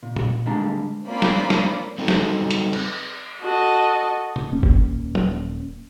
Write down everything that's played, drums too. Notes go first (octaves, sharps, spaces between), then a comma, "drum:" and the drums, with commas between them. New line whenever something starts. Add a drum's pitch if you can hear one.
A#2
drum: tom
D2 G3 G#3 A#3 D4 A#5
A#3 C4 C#4 F4 D5 B5
drum: snare
drum: snare
F#3 G3 C4 D#4 F#4 A4
drum: snare
drum: hi-hat
drum: cymbal
F#4 A4 D#5
drum: tom B2
D#1 A#3 C#4
drum: kick
drum: tom F#3